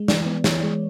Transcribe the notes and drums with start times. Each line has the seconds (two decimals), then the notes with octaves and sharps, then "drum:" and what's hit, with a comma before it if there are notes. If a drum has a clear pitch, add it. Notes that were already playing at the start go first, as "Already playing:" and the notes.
Already playing: G#3
0.08 E3 D5, drum: snare
0.26 B3
0.44 E3 C#5, drum: snare
0.63 G#3